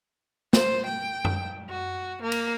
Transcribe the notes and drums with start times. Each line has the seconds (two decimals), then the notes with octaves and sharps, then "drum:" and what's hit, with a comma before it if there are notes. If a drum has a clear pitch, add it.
0.53 C5, drum: snare
0.86 G5
1.25 drum: tom F#2
1.69 F#4
2.22 A#3
2.32 drum: cymbal